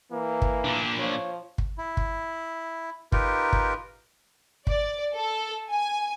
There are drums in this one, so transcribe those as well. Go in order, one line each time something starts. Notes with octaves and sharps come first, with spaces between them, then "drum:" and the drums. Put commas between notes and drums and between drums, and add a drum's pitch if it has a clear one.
E3 A#3
drum: kick
A#2 D4
F3 C#5
drum: kick
E4
drum: kick
D#4 F4 G4 A#4 B4, drum: kick
drum: kick
D5, drum: kick
A4
G#5